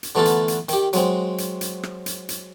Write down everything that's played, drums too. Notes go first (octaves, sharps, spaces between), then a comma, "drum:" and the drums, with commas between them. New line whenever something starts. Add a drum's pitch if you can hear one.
drum: hi-hat
D3 E3 A3 B3 F4 A4
drum: hi-hat
drum: hi-hat
D#3 G4, drum: hi-hat
F#3 G#3 C4, drum: hi-hat
drum: hi-hat
drum: hi-hat
drum: rim click
drum: hi-hat
drum: hi-hat